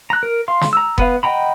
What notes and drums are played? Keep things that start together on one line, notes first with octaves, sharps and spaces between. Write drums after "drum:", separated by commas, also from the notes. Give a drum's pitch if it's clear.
A#5 F#6
A#4
F5 C6
drum: snare
A#5 E6
B3 B4 F5, drum: kick F1
D#5 F#5 G5 A#5 B5